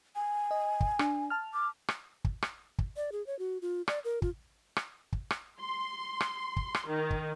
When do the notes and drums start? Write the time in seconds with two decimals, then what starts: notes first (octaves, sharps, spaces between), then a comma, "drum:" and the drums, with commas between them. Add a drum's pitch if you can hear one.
0.16 G#5
0.51 D#5
0.80 drum: kick
0.99 D4, drum: rim click
1.30 A5 F6
1.54 D6
1.88 drum: rim click
2.24 drum: kick
2.42 drum: rim click
2.78 drum: kick
2.97 D5
3.12 G#4
3.27 C#5
3.39 F#4
3.62 F4
3.88 D5, drum: rim click
4.04 A#4
4.22 F4, drum: kick
4.76 drum: rim click
5.12 drum: kick
5.31 drum: rim click
5.60 C6
6.21 drum: rim click
6.57 drum: kick
6.75 drum: rim click
6.88 D#3
7.11 drum: kick